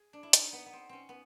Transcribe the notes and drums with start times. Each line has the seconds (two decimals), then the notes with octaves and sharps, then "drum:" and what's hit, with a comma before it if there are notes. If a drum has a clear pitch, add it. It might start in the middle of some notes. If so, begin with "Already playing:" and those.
Already playing: G#4
0.13 D4
0.23 E4
0.33 D#4, drum: hi-hat
0.53 B3
0.66 B3
0.73 C4
0.89 C4 C#4
1.09 B3